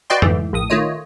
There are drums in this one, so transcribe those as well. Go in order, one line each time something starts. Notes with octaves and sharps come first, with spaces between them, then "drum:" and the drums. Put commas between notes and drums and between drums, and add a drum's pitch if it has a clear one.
F#4 B4 D5 D#5 G5 C6
G#2 E3 A3, drum: tom F2
A#1 A2 D#6
D#3 A3 F4 C#5 D#5